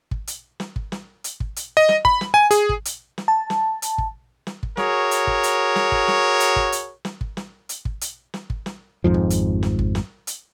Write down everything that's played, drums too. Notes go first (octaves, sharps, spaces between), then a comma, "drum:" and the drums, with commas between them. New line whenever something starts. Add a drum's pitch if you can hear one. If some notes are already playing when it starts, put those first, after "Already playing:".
drum: kick
drum: hi-hat
drum: snare
drum: kick
drum: snare
drum: hi-hat
drum: kick
drum: hi-hat
D#5
drum: snare
B5, drum: kick
drum: snare
G#5
G#4, drum: hi-hat
drum: kick
drum: hi-hat
drum: snare
A5
drum: snare
drum: hi-hat
drum: kick
drum: snare
drum: kick
F#4 G#4 A#4 C#5, drum: snare
drum: hi-hat
drum: kick
drum: hi-hat
drum: snare
drum: kick
drum: snare
drum: hi-hat
drum: kick
drum: hi-hat
drum: snare
drum: kick
drum: snare
drum: hi-hat
drum: kick
drum: hi-hat
drum: snare
drum: kick
drum: snare
G#1 F2 G#2 F3
drum: kick
drum: hi-hat
drum: snare
drum: kick
drum: snare
drum: hi-hat